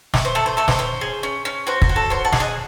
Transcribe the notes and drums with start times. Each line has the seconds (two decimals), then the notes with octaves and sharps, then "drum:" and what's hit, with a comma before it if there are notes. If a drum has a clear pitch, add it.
0.14 A3, drum: snare
0.25 C5
0.35 A3 A4
0.46 C5
0.57 A3 A4
0.68 C5, drum: snare
0.79 C#4 C5
1.01 G#4
1.23 C#4
1.45 C#4
1.67 F#4 C5
1.82 C5, drum: kick
1.89 F#4
1.96 A4
2.10 C#4 C5
2.25 F#5 A5
2.33 G#4, drum: snare
2.40 D#5 F#5